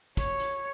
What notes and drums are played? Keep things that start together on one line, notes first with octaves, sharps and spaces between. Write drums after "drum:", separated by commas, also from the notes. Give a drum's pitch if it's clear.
C#5, drum: kick, hi-hat
drum: hi-hat